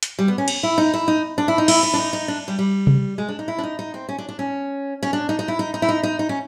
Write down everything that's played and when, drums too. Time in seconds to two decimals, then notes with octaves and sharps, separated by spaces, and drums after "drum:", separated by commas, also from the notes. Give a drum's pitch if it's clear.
0.03 drum: hi-hat
0.19 G3
0.28 B3
0.38 C#4
0.48 drum: cymbal
0.63 E4
0.78 D#4
0.94 E4
1.08 D#4
1.38 D4
1.48 E4
1.58 D#4
1.68 E4, drum: cymbal
1.83 E4
1.94 D4
1.98 D#4
2.13 D#4
2.28 D4
2.48 G3
2.59 G3
2.87 drum: tom C3
3.18 G#3
3.28 D4
3.39 D#4
3.48 E4
3.58 D4
3.63 D#4
3.79 D#4
3.94 C4
4.09 C#4
4.18 D4
4.29 D4
4.39 C#4
5.03 C#4
5.13 D4
5.29 D#4
5.39 D#4
5.48 E4
5.59 D#4
5.74 D#4
5.82 E4
5.89 D#4
6.03 D#4
6.19 D#4
6.29 C#4